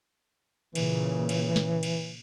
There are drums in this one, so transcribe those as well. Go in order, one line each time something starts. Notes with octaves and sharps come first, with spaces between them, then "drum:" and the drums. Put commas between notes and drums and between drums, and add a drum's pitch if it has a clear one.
A#2 C#3 E3, drum: cymbal
drum: cymbal
drum: snare
drum: cymbal